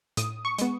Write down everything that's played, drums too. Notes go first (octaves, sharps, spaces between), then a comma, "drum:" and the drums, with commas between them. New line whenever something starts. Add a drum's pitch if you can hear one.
A2 D#6, drum: hi-hat
C#6
G#3 B3, drum: hi-hat